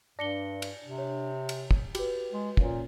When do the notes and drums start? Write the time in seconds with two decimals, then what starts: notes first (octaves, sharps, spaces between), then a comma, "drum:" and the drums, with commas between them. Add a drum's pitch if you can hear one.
0.19 G2 D4 A#6 C#7 G7
0.62 drum: cymbal
0.85 C3
0.98 C#5
1.49 drum: cymbal
1.71 drum: kick
1.95 F#4 G4 B4, drum: cymbal
2.33 G#3
2.57 A#2 A#3 C#4, drum: kick